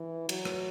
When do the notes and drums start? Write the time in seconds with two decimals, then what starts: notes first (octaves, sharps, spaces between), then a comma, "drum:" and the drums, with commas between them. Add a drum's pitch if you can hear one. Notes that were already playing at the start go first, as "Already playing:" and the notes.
Already playing: E3
0.29 F#3, drum: cymbal
0.45 drum: rim click